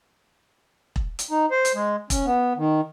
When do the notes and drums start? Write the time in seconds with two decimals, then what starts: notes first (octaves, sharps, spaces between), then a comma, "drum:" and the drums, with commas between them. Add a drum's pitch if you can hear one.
0.96 drum: kick E1
1.19 drum: hi-hat
1.31 D#4
1.51 C5
1.65 drum: hi-hat
1.74 G#3
2.10 C#4, drum: kick E1, hi-hat
2.26 B3
2.57 D#3